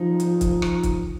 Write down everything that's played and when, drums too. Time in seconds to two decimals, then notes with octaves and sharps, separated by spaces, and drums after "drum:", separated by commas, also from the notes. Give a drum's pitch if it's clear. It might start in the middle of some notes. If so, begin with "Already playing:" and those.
Already playing: F3 D#4
0.20 drum: hi-hat
0.41 drum: kick C#1, hi-hat
0.62 drum: rim click
0.83 drum: kick C#1, hi-hat